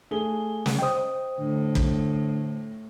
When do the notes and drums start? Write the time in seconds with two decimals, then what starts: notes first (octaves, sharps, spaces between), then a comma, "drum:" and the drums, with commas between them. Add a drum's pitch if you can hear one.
0.11 A3 G#4 G7
0.66 drum: snare
0.79 C5 D#5 G5 D#6
1.39 A2 D3
1.75 drum: kick